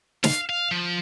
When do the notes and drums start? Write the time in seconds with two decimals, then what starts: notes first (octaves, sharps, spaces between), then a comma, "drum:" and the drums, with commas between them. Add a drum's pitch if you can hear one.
0.24 F5, drum: snare
0.49 F5
0.71 F3